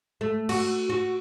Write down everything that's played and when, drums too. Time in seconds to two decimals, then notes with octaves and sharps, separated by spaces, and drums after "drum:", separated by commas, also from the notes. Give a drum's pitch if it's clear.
0.21 A3
0.49 F#4, drum: cymbal
0.89 F#4